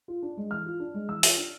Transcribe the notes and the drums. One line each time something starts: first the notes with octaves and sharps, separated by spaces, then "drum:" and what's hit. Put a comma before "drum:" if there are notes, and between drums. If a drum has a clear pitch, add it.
F4
D4
G#3
E3 F6
F4
D4
G#3
E3 E6
F4, drum: open hi-hat
D4